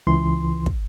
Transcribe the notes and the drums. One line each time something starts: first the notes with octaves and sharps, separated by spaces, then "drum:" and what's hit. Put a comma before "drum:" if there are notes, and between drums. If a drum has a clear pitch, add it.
C#2 E3 C6
drum: kick